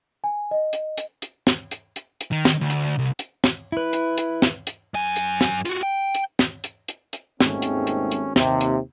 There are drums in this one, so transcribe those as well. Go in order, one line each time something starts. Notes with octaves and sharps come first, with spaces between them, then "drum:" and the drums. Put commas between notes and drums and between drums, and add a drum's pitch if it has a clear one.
G#5
D#5
drum: hi-hat
drum: hi-hat
drum: hi-hat
drum: snare
drum: hi-hat
drum: hi-hat
drum: hi-hat
D#3
drum: snare
D2
drum: hi-hat
C2
drum: hi-hat
drum: snare
E4 B4
drum: hi-hat
drum: hi-hat
drum: snare
drum: hi-hat
F#2 G#5
drum: hi-hat
drum: snare
F4 F#4, drum: hi-hat
G5
drum: hi-hat
drum: snare
drum: hi-hat
drum: hi-hat
drum: hi-hat
G#1 D#2 G#2 A3 C4 C#4, drum: snare
drum: hi-hat
drum: hi-hat
drum: hi-hat
D#2 C3, drum: snare
drum: hi-hat